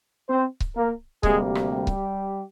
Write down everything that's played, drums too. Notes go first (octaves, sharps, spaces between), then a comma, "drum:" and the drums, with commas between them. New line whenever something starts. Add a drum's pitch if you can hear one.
C4 C5
drum: kick C#1
A#3 A#4
D2 C3 G3 G#3 A#3 G#4, drum: kick C#1
drum: rim click
G3 G4
drum: kick C#1